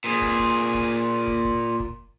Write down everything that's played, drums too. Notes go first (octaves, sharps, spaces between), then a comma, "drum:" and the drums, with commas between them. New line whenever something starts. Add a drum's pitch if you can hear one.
A#2 G#4
drum: kick
drum: kick
drum: kick
drum: kick
drum: kick
drum: kick